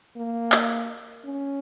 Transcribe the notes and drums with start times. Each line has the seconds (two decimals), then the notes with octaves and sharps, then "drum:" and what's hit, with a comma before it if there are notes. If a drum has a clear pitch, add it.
0.16 A#3
0.52 drum: clap
1.25 C#4